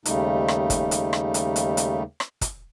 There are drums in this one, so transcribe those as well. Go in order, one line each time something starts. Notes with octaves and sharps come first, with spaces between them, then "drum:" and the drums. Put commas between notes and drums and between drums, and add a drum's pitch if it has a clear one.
D#2 C#3 G3 A3 D#4, drum: hi-hat
drum: rim click
drum: kick, hi-hat
drum: hi-hat
drum: rim click
drum: hi-hat
drum: hi-hat
drum: hi-hat
drum: rim click
drum: kick, hi-hat